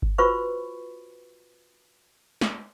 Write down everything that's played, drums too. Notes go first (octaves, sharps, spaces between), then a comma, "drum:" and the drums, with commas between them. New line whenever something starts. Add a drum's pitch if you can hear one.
drum: kick G1
F4 F#4 B4 C5 B5 C#6
drum: snare